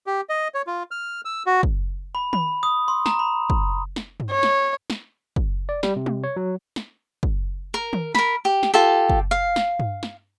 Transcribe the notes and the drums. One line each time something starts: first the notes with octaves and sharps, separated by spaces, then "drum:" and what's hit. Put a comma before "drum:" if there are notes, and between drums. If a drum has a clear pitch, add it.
G4
D#5
C#5
F4
F6
E6
F#4
drum: kick
B5
B5, drum: tom D#3
D#6
C6
A#5, drum: snare
B5
drum: kick
drum: snare
drum: tom G2
C#5
drum: snare
drum: snare
drum: kick
D5
G3, drum: snare
C3
drum: tom G3
C#5
F#3
drum: snare
drum: kick
A#4
drum: tom D#3
A#4 B5, drum: snare
G4
drum: snare
F4 G4 A4
drum: kick
F5
drum: snare
drum: tom G2
drum: snare